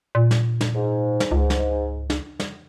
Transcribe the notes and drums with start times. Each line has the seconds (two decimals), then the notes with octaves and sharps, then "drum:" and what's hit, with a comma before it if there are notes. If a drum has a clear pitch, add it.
0.15 A#2
0.31 drum: snare
0.61 drum: snare
0.76 G#2
1.20 drum: snare
1.32 C#2
1.50 drum: snare
2.10 drum: snare
2.40 drum: snare